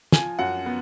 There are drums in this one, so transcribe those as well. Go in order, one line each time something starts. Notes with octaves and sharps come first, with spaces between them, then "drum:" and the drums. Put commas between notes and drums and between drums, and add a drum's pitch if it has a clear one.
F3 G#5, drum: snare
F#2 F#5
B3